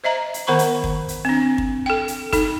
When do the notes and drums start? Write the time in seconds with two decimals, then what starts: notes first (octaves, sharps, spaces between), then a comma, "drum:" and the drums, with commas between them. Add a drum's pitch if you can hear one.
0.04 C5 D#5 E5 A#5
0.34 drum: hi-hat
0.47 D#3 B3 C5 A#5 B5 C#6
0.59 drum: hi-hat
0.84 drum: kick
1.08 drum: hi-hat
1.25 C4 D4
1.58 drum: kick
1.86 A4 G5
2.08 drum: hi-hat
2.33 D#4 A4, drum: kick, hi-hat